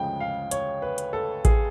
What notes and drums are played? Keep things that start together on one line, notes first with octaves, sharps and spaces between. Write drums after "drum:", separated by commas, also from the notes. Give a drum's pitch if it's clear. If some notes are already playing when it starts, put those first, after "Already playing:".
Already playing: D2 C#3 F3 G#3 G5
F5
C#5, drum: hi-hat
B4
drum: hi-hat
A4
G#4, drum: kick A1, hi-hat